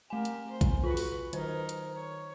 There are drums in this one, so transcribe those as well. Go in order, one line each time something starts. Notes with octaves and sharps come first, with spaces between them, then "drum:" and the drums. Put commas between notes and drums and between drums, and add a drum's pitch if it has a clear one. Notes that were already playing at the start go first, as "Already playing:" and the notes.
A3 G4 A#4 G#5
drum: hi-hat
C5
drum: kick A#1, hi-hat
F4 F#4 B4
drum: open hi-hat
D#3 D#4 A#4 C5, drum: hi-hat
drum: hi-hat
C#5